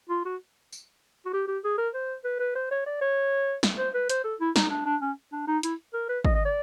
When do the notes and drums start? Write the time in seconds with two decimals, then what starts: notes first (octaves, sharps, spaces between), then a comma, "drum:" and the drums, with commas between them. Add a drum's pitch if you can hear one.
0.09 F4
0.25 F#4
0.72 drum: tambourine
1.25 F#4
1.33 G4
1.48 G4
1.64 G#4
1.78 A#4
1.94 C5
2.24 B4
2.40 B4
2.55 C5
2.71 C#5
2.86 D5
3.01 C#5
3.63 drum: snare
3.78 C5
3.94 B4
4.10 C5, drum: hi-hat
4.24 A4
4.40 E4
4.56 D#4, drum: snare
4.70 D4
4.85 D4
5.01 C#4
5.32 D4
5.47 D#4
5.63 E4, drum: hi-hat
5.94 A#4
6.09 B4
6.25 D#5, drum: kick
6.35 D#5
6.45 D5